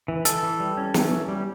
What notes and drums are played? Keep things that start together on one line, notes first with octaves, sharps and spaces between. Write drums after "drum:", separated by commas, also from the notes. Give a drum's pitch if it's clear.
E3
E3 A4, drum: hi-hat
E3
G3
C#4
E3, drum: snare
C#4
G3